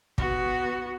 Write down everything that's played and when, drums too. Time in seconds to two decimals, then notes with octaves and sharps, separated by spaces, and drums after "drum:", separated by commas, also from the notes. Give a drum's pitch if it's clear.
0.18 B3 F#4, drum: kick